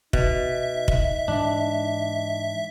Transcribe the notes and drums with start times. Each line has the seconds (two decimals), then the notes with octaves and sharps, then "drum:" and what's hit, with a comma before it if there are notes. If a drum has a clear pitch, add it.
0.13 B2 D#4 E5, drum: kick
0.88 drum: kick
1.28 G#2 E3 D4